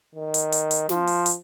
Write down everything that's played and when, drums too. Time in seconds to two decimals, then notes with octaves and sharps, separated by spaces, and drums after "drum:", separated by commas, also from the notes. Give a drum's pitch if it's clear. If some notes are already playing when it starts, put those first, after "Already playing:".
0.15 D#3
0.34 drum: hi-hat
0.52 drum: hi-hat
0.71 drum: hi-hat
0.89 F3, drum: snare
1.07 drum: open hi-hat
1.26 drum: hi-hat